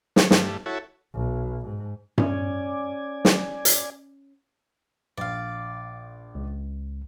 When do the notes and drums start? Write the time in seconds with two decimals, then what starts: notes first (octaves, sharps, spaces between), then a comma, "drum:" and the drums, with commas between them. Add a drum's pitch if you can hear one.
0.16 C#5, drum: snare
0.31 G2 A3, drum: snare
0.66 E4 F#4 A4 C#5
1.14 B1
1.66 G#2
2.18 C#4 D5 G#5, drum: tom G2
3.25 drum: snare
3.65 drum: hi-hat
5.17 A#1 D5 F5
6.35 C#2